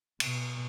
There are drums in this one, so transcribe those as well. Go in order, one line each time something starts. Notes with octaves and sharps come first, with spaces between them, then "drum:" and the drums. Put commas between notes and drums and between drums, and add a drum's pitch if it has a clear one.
B2, drum: cymbal